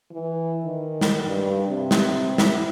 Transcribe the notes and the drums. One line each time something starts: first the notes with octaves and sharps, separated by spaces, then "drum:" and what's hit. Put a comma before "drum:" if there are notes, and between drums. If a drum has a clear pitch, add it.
E3
D#3
drum: snare
G2
C3
drum: snare
E4, drum: snare